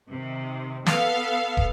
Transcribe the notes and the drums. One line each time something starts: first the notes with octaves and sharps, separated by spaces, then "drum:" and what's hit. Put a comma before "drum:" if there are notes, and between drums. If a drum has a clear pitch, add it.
C3 D#3
B3 A4 F5, drum: snare
drum: kick